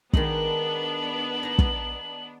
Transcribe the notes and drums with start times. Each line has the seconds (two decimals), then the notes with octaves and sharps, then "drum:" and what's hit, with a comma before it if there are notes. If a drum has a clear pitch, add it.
0.13 D#3 G#3 B3 D4 D#4 F#7, drum: kick
1.43 D#4 A#5
1.59 drum: kick